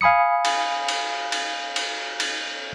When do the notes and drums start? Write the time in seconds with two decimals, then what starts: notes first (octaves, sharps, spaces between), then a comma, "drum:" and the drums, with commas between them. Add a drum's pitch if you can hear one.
0.01 F5 G#5 B5 D#6 C#7
0.45 drum: cymbal
0.88 drum: cymbal
1.32 drum: cymbal
1.76 drum: cymbal
2.20 drum: cymbal